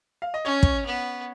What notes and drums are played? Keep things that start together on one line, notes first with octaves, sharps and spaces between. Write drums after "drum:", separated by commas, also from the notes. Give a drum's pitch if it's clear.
F5
D#5
C#4 C#5
drum: kick
B3